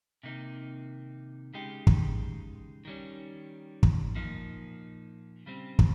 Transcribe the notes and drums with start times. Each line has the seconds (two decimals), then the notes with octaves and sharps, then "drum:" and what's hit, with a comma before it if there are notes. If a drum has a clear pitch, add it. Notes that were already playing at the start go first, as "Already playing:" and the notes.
0.23 C3 D#3 A#3 D#4
1.54 C#3 G#3 D#4 G4
1.87 drum: kick
2.85 D#3 G3 C#4
3.83 drum: kick
4.15 A#2 F3 A#3 D#4
5.46 C#3 G3 C4
5.79 drum: kick